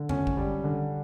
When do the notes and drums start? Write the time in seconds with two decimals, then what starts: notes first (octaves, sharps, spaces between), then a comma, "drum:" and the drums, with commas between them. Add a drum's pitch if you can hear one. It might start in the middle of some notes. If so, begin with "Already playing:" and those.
Already playing: D3
0.09 C#4, drum: tom E2
0.27 drum: kick G#1
0.37 G3
0.64 D3